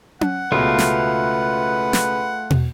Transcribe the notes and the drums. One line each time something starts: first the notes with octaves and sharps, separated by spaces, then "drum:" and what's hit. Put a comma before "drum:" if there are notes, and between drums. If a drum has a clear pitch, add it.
F#5, drum: tom C#4
C#2 B2 A3 F4 B4
drum: snare
drum: snare
drum: tom